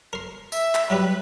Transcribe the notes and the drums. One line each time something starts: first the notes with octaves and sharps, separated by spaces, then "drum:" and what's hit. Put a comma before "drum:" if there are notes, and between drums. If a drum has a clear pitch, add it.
A#4 C6
E5, drum: tambourine
drum: clap
F#3 G3 G4 B4